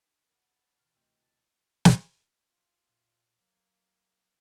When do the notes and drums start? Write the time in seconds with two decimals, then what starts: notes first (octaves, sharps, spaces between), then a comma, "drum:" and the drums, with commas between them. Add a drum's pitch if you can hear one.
0.04 D4 G#5 D#6
0.25 A#4 F#5 B5
0.45 A5
0.79 B2 E3 F6
0.95 D2 C3 F4 D#5 G5 C#6 E6 G6
1.22 A5
1.85 drum: snare
2.48 F4
2.89 A#2
3.41 F#3 A#3